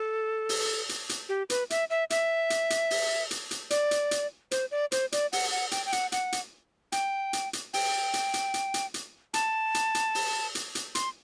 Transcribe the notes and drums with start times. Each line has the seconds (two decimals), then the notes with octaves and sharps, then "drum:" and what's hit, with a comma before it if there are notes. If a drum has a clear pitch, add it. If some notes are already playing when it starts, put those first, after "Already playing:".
Already playing: A4
0.49 drum: open hi-hat
0.89 drum: hi-hat
1.09 drum: hi-hat
1.29 G4
1.50 B4, drum: hi-hat
1.70 E5, drum: hi-hat
1.90 E5
2.10 E5, drum: hi-hat
2.50 drum: hi-hat
2.70 drum: hi-hat
2.90 drum: open hi-hat
3.31 drum: hi-hat
3.51 drum: hi-hat
3.70 D5, drum: hi-hat
3.91 drum: hi-hat
4.11 drum: hi-hat
4.51 C5, drum: hi-hat
4.71 D5
4.92 C5, drum: hi-hat
5.12 D5, drum: hi-hat
5.32 F#5, drum: open hi-hat
5.51 F#5
5.72 G5, drum: hi-hat
5.86 G5
5.93 F#5, drum: hi-hat
6.12 F#5, drum: hi-hat
6.32 drum: hi-hat
6.92 G5, drum: hi-hat
7.33 drum: hi-hat
7.53 drum: hi-hat
7.74 G5, drum: open hi-hat
8.14 drum: hi-hat
8.34 drum: hi-hat
8.54 drum: hi-hat
8.74 drum: hi-hat
8.94 drum: hi-hat
9.34 A5, drum: hi-hat
9.74 drum: hi-hat
9.95 drum: hi-hat
10.15 drum: open hi-hat
10.55 drum: hi-hat
10.75 drum: hi-hat
10.95 C6, drum: hi-hat